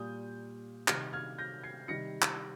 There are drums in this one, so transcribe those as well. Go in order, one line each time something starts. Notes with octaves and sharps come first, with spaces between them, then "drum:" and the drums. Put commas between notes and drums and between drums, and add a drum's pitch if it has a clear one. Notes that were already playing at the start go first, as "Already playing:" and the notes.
Already playing: A#2 G3 D#6 G6
C3 D#3 G3 F6 G#6, drum: clap
F6 G#6
G6 A#6
G#6 C7
C3 D#3 G3 A#6 C#7
drum: clap